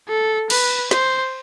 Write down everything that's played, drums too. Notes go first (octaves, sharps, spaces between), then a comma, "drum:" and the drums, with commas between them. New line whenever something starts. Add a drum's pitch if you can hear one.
A4
B4, drum: cymbal
C5, drum: snare